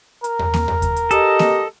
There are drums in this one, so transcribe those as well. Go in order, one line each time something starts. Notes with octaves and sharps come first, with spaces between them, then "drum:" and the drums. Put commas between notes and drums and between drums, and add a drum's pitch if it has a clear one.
A#4, drum: hi-hat
drum: tom E2
drum: snare A#3
drum: tom E2
drum: kick E2, hi-hat
drum: hi-hat
G4 A4 D#5, drum: hi-hat
drum: snare A#3